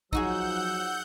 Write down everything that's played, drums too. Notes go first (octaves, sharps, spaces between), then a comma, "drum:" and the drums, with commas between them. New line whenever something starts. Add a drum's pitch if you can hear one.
F3 F#3 D#4 F#4 G#4 F#5 E6 G6, drum: kick